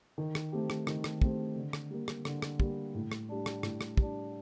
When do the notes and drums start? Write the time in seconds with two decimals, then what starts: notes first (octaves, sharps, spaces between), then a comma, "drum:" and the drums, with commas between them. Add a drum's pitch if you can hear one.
0.18 D#3
0.35 drum: rim click
0.52 A3 C4 G4
0.70 drum: rim click
0.87 D#3, drum: rim click
1.04 drum: rim click
1.22 A3 C4 G4, drum: kick
1.56 D3
1.73 drum: rim click
1.91 G3 A#3
2.08 drum: rim click
2.25 D3, drum: rim click
2.42 drum: rim click
2.60 G3 A#3, drum: kick
2.95 A2
3.12 drum: rim click
3.29 G3 D4
3.46 drum: rim click
3.63 A2, drum: rim click
3.81 drum: rim click
3.97 G3 D4, drum: kick